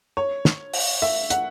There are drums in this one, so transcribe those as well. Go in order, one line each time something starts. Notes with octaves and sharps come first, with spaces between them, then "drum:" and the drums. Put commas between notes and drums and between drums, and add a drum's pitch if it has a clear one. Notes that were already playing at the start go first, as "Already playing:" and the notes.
C#5
drum: snare
drum: open hi-hat
E5
F#5, drum: hi-hat